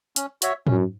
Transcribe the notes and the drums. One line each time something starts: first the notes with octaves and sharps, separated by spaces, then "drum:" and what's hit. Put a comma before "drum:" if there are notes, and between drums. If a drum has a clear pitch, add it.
C#4, drum: hi-hat
F#4 C#5 E5, drum: hi-hat
F#2 C#4, drum: tom G#2